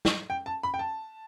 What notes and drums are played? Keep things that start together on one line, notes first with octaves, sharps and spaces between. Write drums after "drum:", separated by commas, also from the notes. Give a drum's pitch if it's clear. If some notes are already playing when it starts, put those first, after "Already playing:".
drum: snare
G5
A5
B5
G5
A5